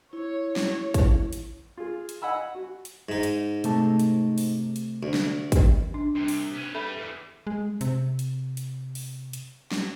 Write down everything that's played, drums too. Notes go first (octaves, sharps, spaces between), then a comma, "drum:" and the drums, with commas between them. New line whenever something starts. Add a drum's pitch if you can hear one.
E4 C#5
drum: snare
drum: kick, hi-hat
drum: hi-hat
F4 G#4
drum: hi-hat
D#5 F#5 G#5 B5 E6
F#4
drum: hi-hat
G#2 D#4
drum: hi-hat
C3 A3 A5, drum: hi-hat
drum: hi-hat
drum: open hi-hat
drum: hi-hat
D2
drum: snare
drum: kick, hi-hat
D4
C2 C3 D4
drum: open hi-hat
B3 C#4
G3 A4 B4 E5 B5
E2
G#3
C3, drum: hi-hat
drum: hi-hat
drum: hi-hat
drum: open hi-hat
drum: hi-hat
drum: snare